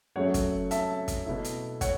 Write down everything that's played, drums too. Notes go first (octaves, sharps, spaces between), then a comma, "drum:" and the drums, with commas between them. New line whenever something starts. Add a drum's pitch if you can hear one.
F#2 F#3 A3 C#5 F#5
drum: kick, hi-hat
E5 A5, drum: hi-hat
drum: kick, hi-hat
B2 A3 E4
drum: hi-hat
C#5 F#5, drum: kick, hi-hat